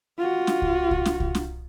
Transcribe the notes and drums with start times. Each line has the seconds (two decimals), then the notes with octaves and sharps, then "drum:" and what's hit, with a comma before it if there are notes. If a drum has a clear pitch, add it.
0.18 F4 F#4
0.47 drum: snare
0.62 drum: kick C2
0.91 drum: kick C2
1.06 drum: snare
1.20 drum: kick C2
1.35 drum: snare